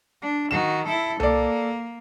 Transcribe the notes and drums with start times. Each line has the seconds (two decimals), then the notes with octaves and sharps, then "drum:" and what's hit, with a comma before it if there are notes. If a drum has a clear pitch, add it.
0.22 D4
0.51 D#3 F#4 E7
0.86 E4 A4
1.20 A#3 A4 D5, drum: tom C2